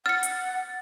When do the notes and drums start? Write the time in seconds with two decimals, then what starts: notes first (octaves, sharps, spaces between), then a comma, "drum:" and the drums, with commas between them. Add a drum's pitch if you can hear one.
0.06 F#5 F6 A6 C#7
0.23 drum: hi-hat